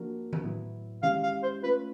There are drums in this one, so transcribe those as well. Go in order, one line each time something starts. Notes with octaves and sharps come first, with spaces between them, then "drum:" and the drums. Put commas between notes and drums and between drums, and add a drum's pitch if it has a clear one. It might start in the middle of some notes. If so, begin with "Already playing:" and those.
Already playing: F3 A#3 D4 F#4 A#4
drum: tom D#3
A2 F#3 B3 E4
G#3 C#4 E4 G4 F5, drum: tom D#3
F5
C5
A3 C#4 F4 B4